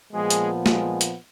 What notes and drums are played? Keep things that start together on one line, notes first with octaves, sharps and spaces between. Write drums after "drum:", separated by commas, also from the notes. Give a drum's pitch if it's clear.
A#2 F3 G#3 B3 G#4
drum: hi-hat
G#3 G#4, drum: snare
drum: hi-hat